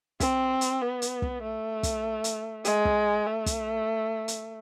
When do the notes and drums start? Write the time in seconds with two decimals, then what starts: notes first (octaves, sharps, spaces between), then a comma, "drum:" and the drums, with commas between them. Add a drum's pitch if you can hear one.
0.20 C4, drum: kick, hi-hat
0.61 drum: hi-hat
0.81 B3
1.02 drum: hi-hat
1.22 drum: kick
1.42 A3
1.83 drum: kick, hi-hat
2.24 drum: hi-hat
2.65 G#3, drum: hi-hat
2.85 drum: kick
3.26 A3
3.46 drum: kick, hi-hat
4.28 drum: hi-hat